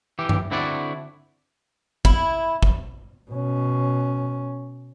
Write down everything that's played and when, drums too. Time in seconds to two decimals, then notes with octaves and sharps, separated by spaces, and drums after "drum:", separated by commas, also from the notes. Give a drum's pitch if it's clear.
0.19 E3 G4
0.29 drum: tom G2
0.51 D3 C4 E4 F#4 D5
2.05 E4, drum: kick
2.63 drum: kick
3.31 B2 C#4